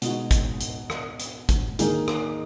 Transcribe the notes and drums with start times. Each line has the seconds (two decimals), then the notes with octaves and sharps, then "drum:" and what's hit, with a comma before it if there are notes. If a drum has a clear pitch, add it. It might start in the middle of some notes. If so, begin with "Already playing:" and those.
0.02 B2 G#3 D#4 F#4, drum: hi-hat
0.31 drum: kick, hi-hat
0.60 drum: hi-hat
0.90 drum: rim click
1.19 drum: hi-hat
1.49 drum: kick, hi-hat
1.79 D#3 A#3 D#4 G#4, drum: hi-hat
2.08 drum: rim click